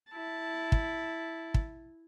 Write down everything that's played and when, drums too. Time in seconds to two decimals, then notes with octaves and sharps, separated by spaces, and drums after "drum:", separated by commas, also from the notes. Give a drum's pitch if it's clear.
0.10 E4 A5
0.72 drum: kick
1.54 drum: kick